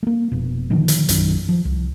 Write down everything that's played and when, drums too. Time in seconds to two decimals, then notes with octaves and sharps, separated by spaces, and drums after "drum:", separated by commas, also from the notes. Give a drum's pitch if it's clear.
0.03 A3 A#3
0.32 F1 B2
0.70 A#2 D3 D#3 F3
0.88 drum: hi-hat
1.09 A#1 F#2 D#3 F#3, drum: hi-hat
1.49 F3
1.65 C2